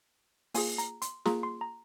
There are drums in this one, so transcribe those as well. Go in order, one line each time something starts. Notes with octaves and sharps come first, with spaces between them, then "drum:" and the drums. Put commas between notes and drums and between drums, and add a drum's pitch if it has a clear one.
A#3 F4 G#4 G#5, drum: open hi-hat
A#5, drum: hi-hat
C6, drum: hi-hat
A#3 F4 G#4 A#5, drum: snare
C6
A#5